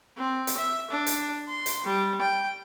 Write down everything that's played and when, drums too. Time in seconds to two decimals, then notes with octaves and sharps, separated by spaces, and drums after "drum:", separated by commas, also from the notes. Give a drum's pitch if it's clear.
0.18 C4
0.47 drum: hi-hat
0.57 E5
0.91 D4
1.06 drum: hi-hat
1.48 C6
1.66 drum: hi-hat
1.84 G3
2.21 G5